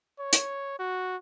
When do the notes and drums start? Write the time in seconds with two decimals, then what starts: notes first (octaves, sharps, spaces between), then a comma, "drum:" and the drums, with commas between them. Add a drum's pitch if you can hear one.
0.19 C#5
0.33 drum: hi-hat
0.79 F#4